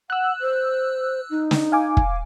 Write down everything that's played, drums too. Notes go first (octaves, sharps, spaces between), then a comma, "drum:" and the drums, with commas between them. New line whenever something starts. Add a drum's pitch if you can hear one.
F#5 E6 F#6
C5
D#4
drum: snare
F5 G#5 D6
drum: kick